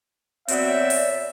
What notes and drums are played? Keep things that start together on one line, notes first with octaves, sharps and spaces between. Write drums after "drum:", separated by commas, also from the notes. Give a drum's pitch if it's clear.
B2 F#3 C4 C#5 D5 E5, drum: hi-hat
drum: open hi-hat